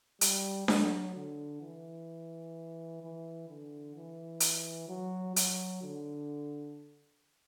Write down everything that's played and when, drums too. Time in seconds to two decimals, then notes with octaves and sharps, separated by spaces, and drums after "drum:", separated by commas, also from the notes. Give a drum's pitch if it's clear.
0.21 G3, drum: hi-hat
0.68 F#3, drum: snare D4
1.15 D3
1.62 E3
3.02 E3
3.49 D3
3.96 E3
4.40 drum: hi-hat
4.89 F#3
5.36 F#3, drum: hi-hat
5.83 D3